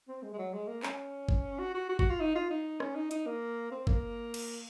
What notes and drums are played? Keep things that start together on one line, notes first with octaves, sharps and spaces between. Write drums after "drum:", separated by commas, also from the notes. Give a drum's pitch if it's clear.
C4
G#3
G#3
F#3
G#3
A#3
C#4, drum: clap
drum: kick G1
F#4
F#4
F#4
F#4, drum: kick G1
F4
D#4
F4
D#4
C#4, drum: rim click
D#4
D#4, drum: hi-hat
A#3
C4
A#3, drum: kick G1
drum: cymbal